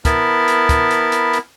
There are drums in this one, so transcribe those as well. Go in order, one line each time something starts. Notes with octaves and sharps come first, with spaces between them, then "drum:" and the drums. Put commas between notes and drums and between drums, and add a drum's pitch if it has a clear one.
B3 E4 A#4 A5 B5, drum: kick, hi-hat
drum: hi-hat
drum: kick, hi-hat
drum: hi-hat
drum: hi-hat
drum: hi-hat